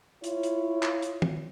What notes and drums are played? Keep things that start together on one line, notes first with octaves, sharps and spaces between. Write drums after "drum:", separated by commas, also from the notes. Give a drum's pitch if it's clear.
E4 F4 C#5, drum: hi-hat
drum: hi-hat
drum: clap
drum: hi-hat
drum: tom